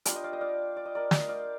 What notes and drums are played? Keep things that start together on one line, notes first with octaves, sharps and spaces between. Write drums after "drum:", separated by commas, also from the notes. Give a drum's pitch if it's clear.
G3 D4 F4 D5 F5, drum: hi-hat
D#5 G5
D5 F5
D#5 G5
D5 F5
D5
D#5
A#4 D5
D#5 G5, drum: snare
D5 F5